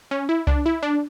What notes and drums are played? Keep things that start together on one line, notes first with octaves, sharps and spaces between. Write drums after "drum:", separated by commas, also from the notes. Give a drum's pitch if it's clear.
C#4
E4
D4, drum: kick C2
E4
D4